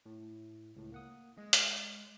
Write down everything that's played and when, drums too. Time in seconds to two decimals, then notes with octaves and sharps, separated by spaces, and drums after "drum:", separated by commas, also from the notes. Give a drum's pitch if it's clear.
0.06 A2
0.76 C#2 A2
0.92 A#3 F#5 D#6
1.38 G#3 D#5
1.53 drum: hi-hat